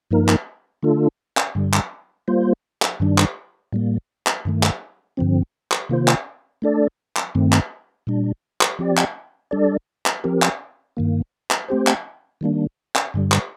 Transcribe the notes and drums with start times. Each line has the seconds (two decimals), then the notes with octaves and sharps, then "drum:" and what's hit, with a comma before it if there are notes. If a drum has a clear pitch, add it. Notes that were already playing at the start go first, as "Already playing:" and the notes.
0.11 G2 F3 A#3 D#4 A#4
0.29 drum: clap
0.83 D3 A3 D4 F4 A4
1.37 drum: clap
1.55 G2 D3 G3
1.73 drum: clap
2.28 G3 A#3 F4 C5
2.82 drum: clap
3.00 G2 D#3 G3 D4
3.18 drum: clap
3.73 A2 G3 A#3
4.27 drum: clap
4.45 G2 D#3 A3
4.63 drum: clap
5.17 G2 D3 F3 C4
5.72 drum: clap
5.89 C3 D#3 A#3 F4 C5
6.08 drum: clap
6.62 A3 D4 A4 D5
7.16 drum: clap
7.35 G2 D#3 A3 C4
7.53 drum: clap
8.07 A#2 G3 D4
8.61 drum: clap
8.79 F3 C4 G4 D5
8.97 drum: clap
9.51 G3 D4 A4 D5
10.06 drum: clap
10.24 F3 C4 G4 A#4
10.42 drum: clap
10.97 G2 D#3 A#3
11.51 drum: clap
11.68 A3 C4 G4 C5
11.87 drum: clap
12.41 D#3 G3 A#3 D4
12.96 drum: clap
13.14 G2 D3 G3
13.32 drum: clap